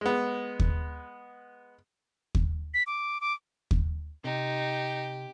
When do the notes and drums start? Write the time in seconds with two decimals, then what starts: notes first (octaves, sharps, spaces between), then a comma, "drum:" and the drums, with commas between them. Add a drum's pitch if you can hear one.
0.01 G#3 B3
0.60 drum: kick
2.35 drum: kick
2.74 B6
2.87 D6
3.21 D6
3.71 drum: kick
4.24 C3 D#4 G4